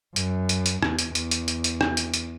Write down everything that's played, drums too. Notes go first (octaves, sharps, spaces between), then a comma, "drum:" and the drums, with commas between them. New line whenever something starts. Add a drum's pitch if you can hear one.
F#2, drum: hi-hat
drum: hi-hat
drum: hi-hat
E2, drum: rim click
drum: hi-hat
E2, drum: hi-hat
drum: hi-hat
drum: hi-hat
drum: hi-hat
drum: rim click
drum: hi-hat
drum: hi-hat